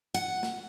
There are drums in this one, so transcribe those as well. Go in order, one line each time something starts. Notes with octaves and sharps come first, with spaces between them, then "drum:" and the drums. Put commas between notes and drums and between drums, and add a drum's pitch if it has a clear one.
F#5, drum: hi-hat
drum: snare